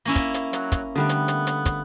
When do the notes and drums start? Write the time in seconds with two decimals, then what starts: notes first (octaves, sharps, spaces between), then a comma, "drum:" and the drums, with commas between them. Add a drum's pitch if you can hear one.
0.05 A#3 C#4 E4
0.16 drum: kick, hi-hat
0.34 drum: hi-hat
0.53 F#3, drum: hi-hat
0.72 drum: kick, hi-hat
0.95 D3 G3 A3 B3
1.09 drum: hi-hat
1.28 drum: hi-hat
1.47 drum: hi-hat
1.66 drum: kick, hi-hat